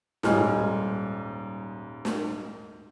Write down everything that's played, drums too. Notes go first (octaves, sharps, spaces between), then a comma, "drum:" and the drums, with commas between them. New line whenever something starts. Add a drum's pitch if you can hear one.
D#1 G#2 G3 D#5 G#5 F6, drum: snare
drum: snare